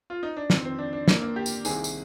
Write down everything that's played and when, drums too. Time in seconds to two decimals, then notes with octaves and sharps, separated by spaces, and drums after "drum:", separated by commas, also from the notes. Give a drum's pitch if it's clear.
0.10 F4
0.23 D#4
0.37 D4
0.50 F2 D#3 C4, drum: snare
0.65 C4
0.79 D4
0.93 D4
1.08 A#3, drum: snare
1.22 A#3
1.36 G4
1.46 drum: tambourine
1.65 C2 C3 D#3 G#4, drum: tambourine
1.84 drum: tambourine